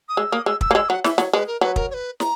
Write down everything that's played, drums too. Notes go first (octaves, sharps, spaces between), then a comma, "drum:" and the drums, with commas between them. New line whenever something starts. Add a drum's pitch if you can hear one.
D#6
G#3 E6
A#3 D#6
G#3 E6
E6, drum: kick
A#3
G#3 E6
F#3 F#5
E3 E5, drum: snare
F#3 C#5, drum: snare
G#3 B4
A#4
F#3 B4
A#4, drum: kick
C#5
B4
A#5, drum: snare